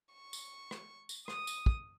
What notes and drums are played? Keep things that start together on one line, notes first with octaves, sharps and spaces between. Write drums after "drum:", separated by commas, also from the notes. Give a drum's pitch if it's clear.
C#6
drum: tambourine
drum: rim click
drum: tambourine
D#6, drum: rim click
drum: tambourine
drum: kick